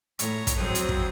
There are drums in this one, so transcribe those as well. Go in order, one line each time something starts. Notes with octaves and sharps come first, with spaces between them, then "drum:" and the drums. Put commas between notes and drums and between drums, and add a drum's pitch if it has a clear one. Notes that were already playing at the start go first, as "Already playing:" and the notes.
A2 C#5 A#5, drum: hi-hat
drum: kick, hi-hat
F2 F#3 C4 D#6
drum: hi-hat
drum: kick